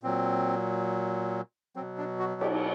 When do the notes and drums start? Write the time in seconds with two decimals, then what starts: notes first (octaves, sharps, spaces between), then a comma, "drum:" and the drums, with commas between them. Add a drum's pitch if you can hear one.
0.03 A#2 F#3 C4
1.76 B2 F#3 C4
1.98 D4
2.19 F#4
2.41 G4, drum: cymbal